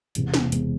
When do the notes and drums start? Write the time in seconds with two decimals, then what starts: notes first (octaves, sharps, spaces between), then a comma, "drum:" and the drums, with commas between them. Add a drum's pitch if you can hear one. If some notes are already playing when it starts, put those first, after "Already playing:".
0.15 E1 E2 C3, drum: hi-hat
0.34 drum: snare
0.52 E1 E2 C3, drum: hi-hat